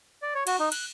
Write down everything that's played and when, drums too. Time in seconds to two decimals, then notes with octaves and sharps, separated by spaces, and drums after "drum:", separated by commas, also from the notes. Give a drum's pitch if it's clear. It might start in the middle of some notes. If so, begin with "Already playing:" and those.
0.22 D5
0.34 C#5
0.47 F#4, drum: cymbal
0.59 D#4
0.72 F#6, drum: cymbal